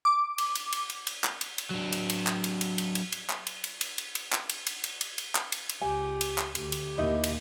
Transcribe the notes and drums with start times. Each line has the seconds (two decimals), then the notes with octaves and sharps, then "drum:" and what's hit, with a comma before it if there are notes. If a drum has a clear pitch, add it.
0.05 D6
0.38 drum: cymbal
0.55 drum: cymbal
0.73 drum: cymbal
0.90 drum: cymbal
1.07 drum: cymbal
1.24 drum: clap
1.41 drum: cymbal
1.58 drum: cymbal
1.71 F#3 D4
1.92 drum: cymbal
2.10 drum: cymbal
2.27 drum: clap
2.44 drum: cymbal
2.61 drum: cymbal
2.78 drum: cymbal
2.95 drum: cymbal
3.12 drum: cymbal
3.30 drum: clap
3.47 drum: cymbal
3.64 drum: cymbal
3.81 drum: cymbal
3.98 drum: cymbal
4.15 drum: cymbal
4.32 drum: clap
4.49 drum: cymbal
4.67 drum: cymbal
4.84 drum: cymbal
5.01 drum: cymbal
5.18 drum: cymbal
5.35 drum: clap
5.52 drum: cymbal
5.69 drum: cymbal
5.82 C#2 G4 G#5
6.21 drum: cymbal
6.38 drum: clap
6.55 D2 G4, drum: cymbal
6.72 drum: cymbal
6.98 D#2 A#2 D#4 E4 D#5
7.24 drum: cymbal